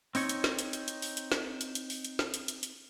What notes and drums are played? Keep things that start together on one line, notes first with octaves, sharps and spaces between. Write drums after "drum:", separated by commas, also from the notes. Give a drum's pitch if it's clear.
C4 D#4 C#5, drum: open hi-hat
drum: hi-hat
drum: snare
drum: hi-hat
drum: hi-hat
drum: hi-hat
drum: open hi-hat
drum: hi-hat
drum: snare
drum: hi-hat
drum: hi-hat
drum: open hi-hat
drum: hi-hat
drum: snare
drum: hi-hat
drum: hi-hat
drum: hi-hat